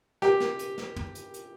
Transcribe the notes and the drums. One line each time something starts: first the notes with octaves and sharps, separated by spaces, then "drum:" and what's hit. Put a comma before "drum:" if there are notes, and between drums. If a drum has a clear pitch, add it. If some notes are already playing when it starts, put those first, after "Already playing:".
G4, drum: snare
drum: snare
drum: hi-hat
drum: snare
drum: tom
drum: hi-hat
drum: hi-hat